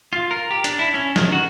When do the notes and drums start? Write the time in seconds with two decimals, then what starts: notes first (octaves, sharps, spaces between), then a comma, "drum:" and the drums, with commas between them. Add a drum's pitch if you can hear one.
0.13 F4
0.31 A#4
0.51 G4
0.64 D4, drum: hi-hat
0.79 E4
0.94 C#4
1.16 D#3, drum: snare
1.32 F#4